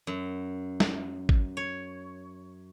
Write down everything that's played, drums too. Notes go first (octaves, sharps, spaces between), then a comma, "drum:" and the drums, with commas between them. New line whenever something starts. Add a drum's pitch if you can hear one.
F#2
drum: snare
drum: kick G#1
C#5